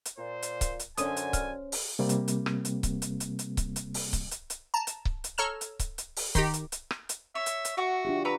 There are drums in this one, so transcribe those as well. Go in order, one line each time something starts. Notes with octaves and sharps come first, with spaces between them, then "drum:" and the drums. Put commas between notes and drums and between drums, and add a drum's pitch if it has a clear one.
drum: hi-hat
A#2 C5
drum: hi-hat
drum: kick C#1, hi-hat
drum: hi-hat
F#2 D3 C#4 C5 G#5 D#6 D#7, drum: hi-hat
drum: hi-hat
F6, drum: kick C#1, hi-hat
drum: open hi-hat
C3 G3 A#3 C4
drum: hi-hat
drum: hi-hat
drum: rim click
drum: hi-hat
drum: kick C#1, hi-hat
drum: hi-hat
drum: hi-hat
drum: hi-hat
drum: kick C#1, hi-hat
drum: hi-hat
drum: open hi-hat
drum: kick C#1, hi-hat
drum: hi-hat
drum: hi-hat
A5 A#5
drum: hi-hat
drum: kick C#1
drum: hi-hat
A4 C#5 A#5 F6 E7
drum: hi-hat
drum: kick C#1, hi-hat
drum: hi-hat
drum: open hi-hat
D#3 D#4 G4, drum: kick C#1, hi-hat
drum: hi-hat
drum: hi-hat
drum: rim click
drum: hi-hat
C#5 E5
drum: hi-hat
drum: hi-hat
F#4 E5 F#5 C#6
D4 F4 G4
F#4 B4 A#5 E6